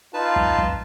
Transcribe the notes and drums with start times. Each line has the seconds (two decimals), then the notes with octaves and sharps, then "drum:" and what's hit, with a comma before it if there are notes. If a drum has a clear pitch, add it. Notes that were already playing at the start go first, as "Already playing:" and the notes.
0.14 D#4 F4 B4 A5
0.36 drum: kick
0.58 drum: kick